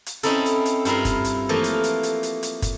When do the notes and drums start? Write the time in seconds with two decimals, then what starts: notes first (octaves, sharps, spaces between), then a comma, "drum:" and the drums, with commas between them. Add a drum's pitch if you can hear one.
0.06 drum: hi-hat
0.23 C4 C#4 D#4 E4 A4, drum: hi-hat
0.46 drum: hi-hat
0.65 drum: hi-hat
0.85 G2 E4 F4 A#4 C6, drum: hi-hat
1.05 drum: kick, hi-hat
1.25 drum: hi-hat
1.49 E3 F3 A3 A#3
1.64 drum: hi-hat
1.84 drum: hi-hat
2.03 drum: hi-hat
2.23 drum: hi-hat
2.43 drum: hi-hat
2.62 drum: kick, hi-hat